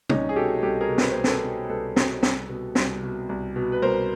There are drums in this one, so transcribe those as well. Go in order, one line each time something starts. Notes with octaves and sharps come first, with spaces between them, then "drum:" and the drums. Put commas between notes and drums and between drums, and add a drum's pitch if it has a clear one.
C2 C#4 D#4, drum: tom
G#4
B2 G4 A4
C2 G4 A4
G#4 A#4
B2
B4, drum: snare
C2 C5
A4 B4, drum: snare
B2
C2 A4 B4
B2, drum: snare
C2, drum: snare
B2
C2, drum: snare
B2
C2
B2
B4
C2 A#4 C5